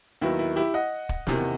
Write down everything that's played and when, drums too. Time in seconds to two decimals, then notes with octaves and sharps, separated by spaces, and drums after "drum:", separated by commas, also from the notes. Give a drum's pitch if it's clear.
0.21 D#2 D#3 F#3 B3 E4
0.39 E4
0.56 E4 G4
0.74 D#5 F#5
1.09 drum: kick
1.27 E2 C3 D#3, drum: snare